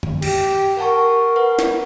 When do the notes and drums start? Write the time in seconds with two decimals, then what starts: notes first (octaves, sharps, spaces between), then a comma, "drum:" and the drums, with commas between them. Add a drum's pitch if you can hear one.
0.03 drum: tom
0.22 G4, drum: cymbal
0.79 A#4 F#5 A5 C#6
1.36 B4 F#5
1.59 drum: snare